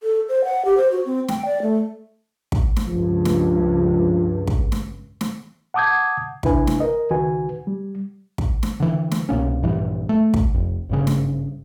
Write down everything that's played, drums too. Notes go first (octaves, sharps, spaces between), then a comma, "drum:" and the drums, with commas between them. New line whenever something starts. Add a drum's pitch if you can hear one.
A4
C5
F#5
G4
C5
F#4
C4
G5, drum: snare
D5
A3
drum: kick
drum: snare
C#2 G2 F3
drum: snare
drum: kick
drum: snare
drum: snare
F#5 A5 D6 D#6 G6 G#6
C3 D4 E4 B4 G#5, drum: kick
drum: snare
A#4 D#5
C#2 D#3 F#4 B4 G#5
G3
drum: kick
drum: snare
D3 E3
drum: snare
C2 B2 A#3 C#4
A#1 G2 E3 G3
A3
drum: kick
F1
G#1 G2 C#3
drum: snare